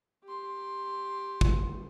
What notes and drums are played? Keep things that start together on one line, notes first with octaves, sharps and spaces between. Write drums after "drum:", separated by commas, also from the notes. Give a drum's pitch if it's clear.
G4 C6
drum: kick